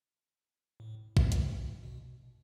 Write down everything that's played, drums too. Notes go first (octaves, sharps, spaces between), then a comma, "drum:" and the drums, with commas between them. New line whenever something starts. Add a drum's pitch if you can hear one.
A2
drum: kick A#1
G#2, drum: hi-hat
B2